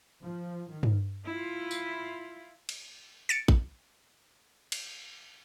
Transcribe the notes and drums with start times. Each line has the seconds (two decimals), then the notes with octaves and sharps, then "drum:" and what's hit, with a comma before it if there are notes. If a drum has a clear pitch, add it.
0.22 F3
0.70 D#3
0.83 drum: tom G2
1.25 E4 F4
1.71 drum: tambourine
2.69 drum: cymbal
3.29 A6 C#7 D7
3.48 drum: kick
4.72 drum: cymbal